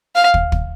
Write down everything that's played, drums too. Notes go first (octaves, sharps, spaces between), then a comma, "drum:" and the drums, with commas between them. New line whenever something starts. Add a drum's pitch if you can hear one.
F5
drum: kick
drum: kick